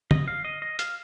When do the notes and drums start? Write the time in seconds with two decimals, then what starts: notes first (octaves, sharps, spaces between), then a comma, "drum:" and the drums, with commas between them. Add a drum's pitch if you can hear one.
0.11 D#5, drum: tom
0.28 F5
0.45 D#5
0.62 D#5
0.79 F5, drum: hi-hat